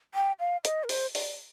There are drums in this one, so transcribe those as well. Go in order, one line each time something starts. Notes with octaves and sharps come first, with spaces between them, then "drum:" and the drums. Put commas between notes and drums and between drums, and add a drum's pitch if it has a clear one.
G5
F5
D#5, drum: hi-hat
A#4
C5, drum: open hi-hat
D5, drum: open hi-hat